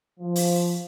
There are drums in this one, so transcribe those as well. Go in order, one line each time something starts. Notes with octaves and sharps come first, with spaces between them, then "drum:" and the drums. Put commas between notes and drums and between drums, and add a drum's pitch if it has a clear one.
F3
drum: open hi-hat